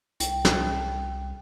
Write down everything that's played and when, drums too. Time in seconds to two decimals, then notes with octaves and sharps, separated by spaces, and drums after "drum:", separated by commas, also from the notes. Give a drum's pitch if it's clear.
0.20 C2 G5, drum: hi-hat
0.45 drum: snare